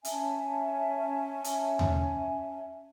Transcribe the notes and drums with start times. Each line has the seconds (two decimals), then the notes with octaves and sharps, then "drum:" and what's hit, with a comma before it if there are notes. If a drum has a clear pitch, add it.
0.05 C#4 E5 G#5 A5, drum: hi-hat
1.44 drum: hi-hat
1.79 drum: tom D#2